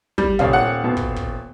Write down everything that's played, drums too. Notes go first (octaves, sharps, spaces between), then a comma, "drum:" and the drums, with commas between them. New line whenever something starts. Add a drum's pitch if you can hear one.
G3, drum: kick
D#1 C#5 F5, drum: kick
F#5
B2
drum: kick
drum: kick